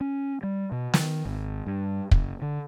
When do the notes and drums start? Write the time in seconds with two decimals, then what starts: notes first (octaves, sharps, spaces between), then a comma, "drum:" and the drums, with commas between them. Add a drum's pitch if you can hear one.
0.01 C#4
0.43 G3
0.72 B2
0.94 D#3, drum: snare
1.25 G#1
1.67 G2
2.11 F#1, drum: kick
2.42 D3